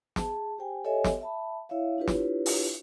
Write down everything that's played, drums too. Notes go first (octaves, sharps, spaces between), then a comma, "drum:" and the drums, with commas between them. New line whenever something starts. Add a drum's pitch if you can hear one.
G#4 A5, drum: snare
G4 C5 G5 G#5
G4 A4 C#5 D#5 E5 G#5
drum: snare
E5 A5 B5
E4 C#5 E5 F5
D4 E4 F4 G4 B4 C#5
drum: snare
drum: open hi-hat